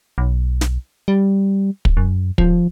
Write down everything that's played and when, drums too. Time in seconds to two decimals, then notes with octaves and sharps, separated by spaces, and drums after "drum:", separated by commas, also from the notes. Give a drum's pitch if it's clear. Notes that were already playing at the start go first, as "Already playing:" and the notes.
0.18 B1
0.61 drum: snare
1.08 G3
1.85 drum: kick
1.97 F#2
2.38 F3, drum: kick